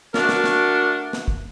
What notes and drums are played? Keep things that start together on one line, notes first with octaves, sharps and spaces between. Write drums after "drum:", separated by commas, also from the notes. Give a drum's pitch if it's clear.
A3 D4 F#4 A#4, drum: snare
drum: snare
drum: snare
drum: snare
drum: kick